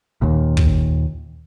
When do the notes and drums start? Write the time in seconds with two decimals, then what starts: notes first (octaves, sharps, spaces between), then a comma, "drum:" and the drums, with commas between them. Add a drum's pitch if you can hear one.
0.22 D#2 A#2
0.57 drum: kick